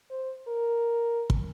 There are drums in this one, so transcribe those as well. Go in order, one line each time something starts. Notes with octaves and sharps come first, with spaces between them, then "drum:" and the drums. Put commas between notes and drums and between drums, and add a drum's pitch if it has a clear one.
C5
A#4
drum: kick